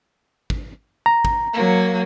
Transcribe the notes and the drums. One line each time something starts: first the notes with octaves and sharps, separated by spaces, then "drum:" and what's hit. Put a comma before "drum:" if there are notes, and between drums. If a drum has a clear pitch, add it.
drum: kick
A#5
drum: kick
F#3 A#3